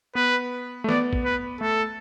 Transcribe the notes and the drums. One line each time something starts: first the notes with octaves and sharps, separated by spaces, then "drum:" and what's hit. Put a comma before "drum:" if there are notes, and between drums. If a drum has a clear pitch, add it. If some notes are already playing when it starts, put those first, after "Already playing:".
B3 B4
A3
B3 D5, drum: snare
drum: kick
B4
A3 A4